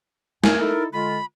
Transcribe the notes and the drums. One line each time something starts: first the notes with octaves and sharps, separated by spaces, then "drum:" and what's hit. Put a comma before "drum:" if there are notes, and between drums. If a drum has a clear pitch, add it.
F2 A3 A#4 G#5, drum: snare
D#4 E4 A4
D3 G#3 F4 B5